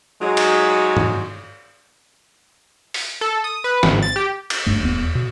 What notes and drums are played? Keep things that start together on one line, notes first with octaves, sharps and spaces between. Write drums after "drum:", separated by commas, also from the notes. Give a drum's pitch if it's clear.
F#3 G#3 D#4 G#4 C#5
drum: cymbal
drum: tom
drum: open hi-hat
A4
D#6
B4
G#1, drum: snare
A6
G4
drum: cymbal
G#1 G2 A3
D#1 E2 B3
B2